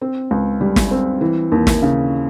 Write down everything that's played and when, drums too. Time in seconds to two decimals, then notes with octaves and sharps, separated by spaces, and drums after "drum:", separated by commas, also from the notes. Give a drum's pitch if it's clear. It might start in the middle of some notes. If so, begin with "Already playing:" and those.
0.01 C4
0.31 C#2
0.61 G3
0.76 drum: snare
0.91 C4
1.21 E3
1.52 D#2
1.67 drum: snare
1.82 C#3